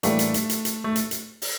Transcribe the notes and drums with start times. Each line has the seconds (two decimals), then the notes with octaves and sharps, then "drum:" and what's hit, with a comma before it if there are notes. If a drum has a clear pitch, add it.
0.03 A2 E3 G3 A3 A#3 D4, drum: hi-hat
0.19 drum: hi-hat
0.34 drum: hi-hat
0.49 drum: hi-hat
0.65 drum: hi-hat
0.84 A3
0.96 drum: hi-hat
1.11 drum: hi-hat
1.42 drum: open hi-hat